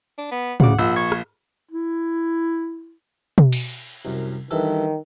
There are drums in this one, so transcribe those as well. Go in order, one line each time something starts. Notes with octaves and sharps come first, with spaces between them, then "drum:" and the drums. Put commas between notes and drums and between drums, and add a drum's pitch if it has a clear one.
D4
B3
D2 C#3 F#5 D6, drum: tom
A#1 E6
C#6 G#6
drum: rim click
E4
drum: tom B2
drum: cymbal
C2 F#2
G2 D#3 E3 A4